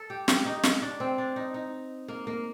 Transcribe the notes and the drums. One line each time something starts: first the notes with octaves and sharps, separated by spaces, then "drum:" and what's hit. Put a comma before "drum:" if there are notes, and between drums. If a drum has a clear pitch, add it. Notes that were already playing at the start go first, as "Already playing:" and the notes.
Already playing: A4
G4
G4, drum: snare
D#4
D#4, drum: snare
D4
C4
D4
D#4
D#4
A#3
A#3